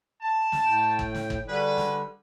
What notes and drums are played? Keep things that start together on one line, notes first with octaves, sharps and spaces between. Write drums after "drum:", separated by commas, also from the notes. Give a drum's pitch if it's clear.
A5
drum: snare
A2 G5
drum: kick
drum: snare
drum: kick
D3 G3 F#4 G#4 B4
drum: snare